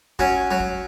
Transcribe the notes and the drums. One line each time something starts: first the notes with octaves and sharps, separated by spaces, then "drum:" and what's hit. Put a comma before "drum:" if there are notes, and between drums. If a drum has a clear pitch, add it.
F#3 C#4, drum: kick
F#3
drum: kick